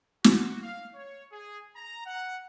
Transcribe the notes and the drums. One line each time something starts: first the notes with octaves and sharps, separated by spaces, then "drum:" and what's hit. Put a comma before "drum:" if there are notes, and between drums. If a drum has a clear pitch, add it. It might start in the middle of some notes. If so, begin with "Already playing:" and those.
F#4, drum: snare
F5
C#5
G#4
A#5
F#5